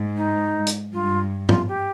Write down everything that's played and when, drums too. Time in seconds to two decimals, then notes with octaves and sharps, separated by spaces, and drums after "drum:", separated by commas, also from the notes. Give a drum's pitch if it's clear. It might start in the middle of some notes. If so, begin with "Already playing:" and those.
Already playing: G#2
0.17 D#4
0.67 drum: hi-hat
0.93 G2 F4
1.49 F4, drum: tom
1.68 G4